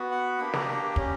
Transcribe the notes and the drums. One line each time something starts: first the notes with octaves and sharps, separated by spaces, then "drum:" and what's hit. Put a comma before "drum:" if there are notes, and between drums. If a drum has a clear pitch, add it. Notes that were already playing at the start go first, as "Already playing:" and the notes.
Already playing: B3 F#4
F#5
A#3 D4 G4 B5
A#5, drum: snare
C#4 G4, drum: kick